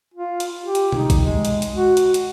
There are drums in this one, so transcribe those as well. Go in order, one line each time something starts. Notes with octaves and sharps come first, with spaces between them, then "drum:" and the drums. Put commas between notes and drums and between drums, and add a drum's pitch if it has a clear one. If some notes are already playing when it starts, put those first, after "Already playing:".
F4
drum: hi-hat
G4
drum: hi-hat
D#4, drum: tom B2
drum: kick, hi-hat
G#3
drum: hi-hat
drum: hi-hat
F#4
drum: hi-hat
drum: hi-hat